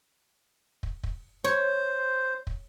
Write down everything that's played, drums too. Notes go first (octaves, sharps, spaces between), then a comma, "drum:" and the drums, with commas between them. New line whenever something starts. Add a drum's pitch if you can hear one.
drum: kick
drum: kick
C5 C#5
drum: kick